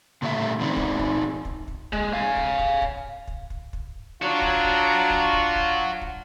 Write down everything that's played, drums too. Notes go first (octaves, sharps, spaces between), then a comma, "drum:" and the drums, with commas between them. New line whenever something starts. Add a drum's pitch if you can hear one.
A#2 C#3 G3 A3 E5
E3 C4 D#4 D5
drum: kick
drum: kick
drum: kick
drum: kick
G#3, drum: kick
F5 G#5
drum: kick
drum: kick
drum: kick
drum: kick
drum: kick
drum: kick
D4 F4 F#4 C#5 A#5
drum: kick
drum: kick
drum: kick
drum: kick
drum: kick
drum: kick